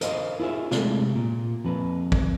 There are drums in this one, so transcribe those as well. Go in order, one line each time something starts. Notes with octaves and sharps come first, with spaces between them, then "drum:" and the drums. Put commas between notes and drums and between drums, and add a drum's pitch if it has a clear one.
A#4 C5 D#5 F5 A5 C6, drum: hi-hat
E4 F4 G#4 E5
C3 G#3 A3, drum: snare
A#2
F2 B4
drum: kick